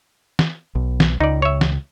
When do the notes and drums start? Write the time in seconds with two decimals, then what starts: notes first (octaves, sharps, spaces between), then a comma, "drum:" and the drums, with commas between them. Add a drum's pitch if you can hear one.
0.39 drum: snare
0.75 B1
1.00 drum: snare
1.20 C#2 D#4 D5
1.42 C#5 E5
1.61 drum: snare